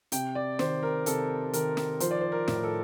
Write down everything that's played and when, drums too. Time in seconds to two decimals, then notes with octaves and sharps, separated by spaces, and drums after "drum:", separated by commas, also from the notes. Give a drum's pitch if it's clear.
0.12 C3 G5, drum: hi-hat
0.35 D5
0.59 D#3 C5, drum: snare
0.83 A#4
1.06 C3 A4, drum: hi-hat
1.53 D#3 A#4, drum: hi-hat
1.77 drum: snare
2.00 F3 C5, drum: hi-hat
2.11 D5
2.21 C5
2.32 A#4
2.48 A2, drum: snare
2.63 A4